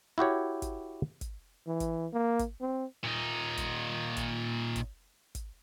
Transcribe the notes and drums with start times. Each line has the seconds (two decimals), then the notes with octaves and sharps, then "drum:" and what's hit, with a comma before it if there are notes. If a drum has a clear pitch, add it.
0.18 E4 F#4 G4 C#5
0.62 drum: kick, hi-hat
1.21 drum: kick, hi-hat
1.67 E3
1.80 drum: kick, hi-hat
2.13 A#3
2.39 drum: kick, hi-hat
2.61 C4
3.03 A#2 D#4
3.57 drum: kick, hi-hat
4.17 drum: kick, hi-hat
4.76 drum: kick, hi-hat
5.35 drum: kick, hi-hat